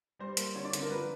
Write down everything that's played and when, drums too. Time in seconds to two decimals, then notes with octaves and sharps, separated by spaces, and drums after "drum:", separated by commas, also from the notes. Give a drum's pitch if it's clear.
0.19 G3 C5
0.37 A#3, drum: hi-hat
0.55 D3 C#5
0.65 D5
0.73 D3, drum: hi-hat
0.82 A#4
0.90 F3 B4